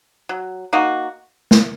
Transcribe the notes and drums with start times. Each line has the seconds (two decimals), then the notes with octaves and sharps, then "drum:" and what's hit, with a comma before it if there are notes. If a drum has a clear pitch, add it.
0.29 F#3
0.73 A#3 D#4 F#4
1.51 drum: snare